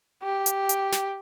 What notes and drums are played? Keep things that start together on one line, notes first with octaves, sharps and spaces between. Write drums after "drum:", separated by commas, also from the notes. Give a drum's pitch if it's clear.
G4
drum: hi-hat
drum: hi-hat
drum: snare